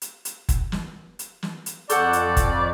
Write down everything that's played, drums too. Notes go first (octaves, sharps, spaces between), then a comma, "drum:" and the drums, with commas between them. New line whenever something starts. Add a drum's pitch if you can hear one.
drum: hi-hat
drum: hi-hat
drum: kick, hi-hat
drum: snare
drum: hi-hat
drum: snare
drum: hi-hat
F2 A4 D5 F#5 C#6 D6 G6, drum: hi-hat
drum: hi-hat
drum: kick, hi-hat